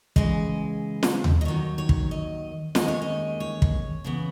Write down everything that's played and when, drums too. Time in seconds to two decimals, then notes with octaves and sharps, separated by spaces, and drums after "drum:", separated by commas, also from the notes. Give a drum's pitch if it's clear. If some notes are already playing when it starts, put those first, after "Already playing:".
0.16 C#3 E3 G#3 D#5, drum: kick
1.03 drum: snare
1.24 drum: tom D#2
1.41 D#5
1.45 D#2 D#3 F#3 C#5
1.78 C#5
1.89 drum: kick
2.11 D#5
2.75 D#2 D#3 G#3 C#4 D#5, drum: snare
2.88 C#5
3.02 D#5
3.40 C#5
3.62 drum: kick
4.04 C#3 E3 B3